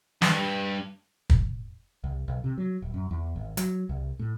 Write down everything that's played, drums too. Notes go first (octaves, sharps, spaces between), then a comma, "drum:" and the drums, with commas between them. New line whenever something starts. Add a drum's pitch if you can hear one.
G2, drum: snare
drum: kick
C2
B1
C3
F#3
D1
F#2
E2
G#1
F#3, drum: hi-hat
C2
A2